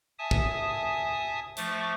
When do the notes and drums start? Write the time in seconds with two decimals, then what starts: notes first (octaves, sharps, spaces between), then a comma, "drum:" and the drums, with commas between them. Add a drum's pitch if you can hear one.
0.19 E5 G#5 A5 D#6
0.31 drum: kick
1.57 F3 A3 C#6 D6, drum: hi-hat